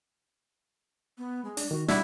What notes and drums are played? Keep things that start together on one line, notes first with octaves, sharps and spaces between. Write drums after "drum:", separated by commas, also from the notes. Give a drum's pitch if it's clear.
B3
G#3
D4, drum: open hi-hat
D#3 F#4
G3 D4 E4 F#4, drum: snare